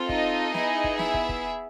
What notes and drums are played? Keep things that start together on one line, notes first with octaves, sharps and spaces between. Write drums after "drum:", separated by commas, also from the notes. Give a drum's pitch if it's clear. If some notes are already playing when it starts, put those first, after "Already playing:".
Already playing: C4 F4 A4
D#4 D#5, drum: kick
B3 E4 G#4, drum: snare
drum: kick
E4 E5, drum: snare
drum: kick
drum: kick